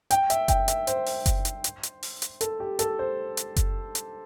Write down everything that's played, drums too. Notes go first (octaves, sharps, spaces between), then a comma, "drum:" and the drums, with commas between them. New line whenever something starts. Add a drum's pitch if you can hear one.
G5, drum: hi-hat
E5, drum: hi-hat
G5, drum: kick F#1, hi-hat
E5, drum: hi-hat
C5, drum: hi-hat
drum: open hi-hat
drum: kick F#1, hi-hat
drum: hi-hat
drum: hi-hat
drum: hi-hat
drum: open hi-hat
drum: hi-hat
A4, drum: hi-hat
G4
A4, drum: hi-hat
C5
drum: hi-hat
drum: kick F#1, hi-hat
drum: hi-hat